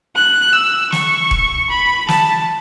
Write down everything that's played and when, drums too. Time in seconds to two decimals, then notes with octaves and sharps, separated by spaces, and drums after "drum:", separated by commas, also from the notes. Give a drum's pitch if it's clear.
0.15 F#6
0.53 E6
0.92 C#6, drum: snare
1.31 drum: kick D#1
1.70 B5
2.08 A5, drum: snare